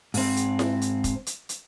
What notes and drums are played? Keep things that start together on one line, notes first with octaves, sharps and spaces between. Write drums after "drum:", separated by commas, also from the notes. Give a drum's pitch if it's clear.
G#2 C4, drum: open hi-hat
drum: hi-hat
drum: snare E4
drum: hi-hat
drum: kick F1, hi-hat
drum: hi-hat
drum: hi-hat